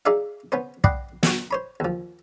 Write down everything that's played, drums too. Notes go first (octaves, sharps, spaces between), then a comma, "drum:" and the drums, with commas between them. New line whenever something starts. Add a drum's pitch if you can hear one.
D#4 G#4 D5 E5 F5
B3 C#4 C5
D5 D#5 F#5 G5 B5 C6, drum: kick
B1 F#4, drum: snare
C5 C#5 B5
D#2 F3